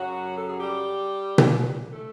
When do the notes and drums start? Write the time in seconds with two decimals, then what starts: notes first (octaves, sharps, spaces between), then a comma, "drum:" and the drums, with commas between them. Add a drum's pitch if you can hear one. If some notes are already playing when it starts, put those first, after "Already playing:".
Already playing: F#2 C#3 F#3 F#4
0.37 A4
0.48 G#4
0.58 G3 G4
1.38 drum: tom B2
1.92 A3 A4